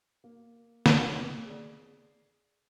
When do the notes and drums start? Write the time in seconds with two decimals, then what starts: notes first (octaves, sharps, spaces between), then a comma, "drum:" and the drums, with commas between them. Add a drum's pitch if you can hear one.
0.24 A#3
0.86 drum: snare
1.45 G#4 D5